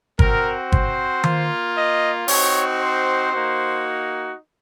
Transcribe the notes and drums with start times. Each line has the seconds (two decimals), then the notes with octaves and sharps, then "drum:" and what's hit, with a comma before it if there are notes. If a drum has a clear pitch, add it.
0.19 C4 F#4 A#4, drum: kick G1
0.72 C5, drum: kick G1
1.24 A#3 F4, drum: tom D#3
1.76 D#5
2.28 C4 D#4 F#4 C#5, drum: open hi-hat
2.80 C5
3.32 A#3 D#4 F#4